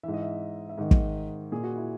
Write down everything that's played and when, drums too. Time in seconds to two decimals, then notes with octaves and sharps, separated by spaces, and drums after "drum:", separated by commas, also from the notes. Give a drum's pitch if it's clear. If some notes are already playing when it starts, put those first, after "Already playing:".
0.03 G#2 E3 E5
0.14 D#5
0.22 E5
0.69 E5
0.78 G#2 D#3 D#5
0.91 drum: kick
1.52 A#2 G#4
1.63 F#4
1.76 E4